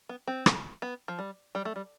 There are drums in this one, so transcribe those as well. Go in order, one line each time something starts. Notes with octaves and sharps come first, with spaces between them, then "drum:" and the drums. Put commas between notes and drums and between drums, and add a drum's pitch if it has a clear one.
B3
C4
drum: rim click
B3
F3
G3
G3
A3
G3